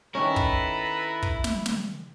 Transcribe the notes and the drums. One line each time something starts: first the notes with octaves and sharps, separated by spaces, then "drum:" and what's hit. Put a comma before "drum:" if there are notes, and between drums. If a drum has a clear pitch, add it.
D#3 C#4 E4 A4 B4 A#5 B5
drum: kick
drum: kick
drum: snare
drum: snare